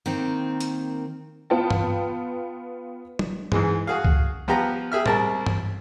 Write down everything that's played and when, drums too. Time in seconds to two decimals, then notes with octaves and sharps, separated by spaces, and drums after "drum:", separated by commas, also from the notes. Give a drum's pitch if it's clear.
0.06 D#3 A#3 C4
0.60 drum: hi-hat
1.50 B3 F4 G5 A5
1.70 drum: tom G2
3.19 drum: tom
3.52 G#2 E3 G#3, drum: tom G2
3.87 F#4 G#4 F5
4.05 drum: kick C#2
4.48 F3 B3 G4 A#5
4.92 G4 G#4 E5 F6
5.06 C2 G#3 A#4 A5, drum: tom
5.46 drum: tom G2